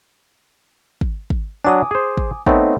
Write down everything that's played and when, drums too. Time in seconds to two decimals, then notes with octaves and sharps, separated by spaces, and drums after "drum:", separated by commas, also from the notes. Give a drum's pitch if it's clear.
1.01 drum: kick
1.30 drum: kick
1.65 F#3 D4 G#5 D6 D#6
1.91 G#4 C5
2.17 drum: kick
2.46 A3 B3 C4 D#4 C#5 D#5, drum: kick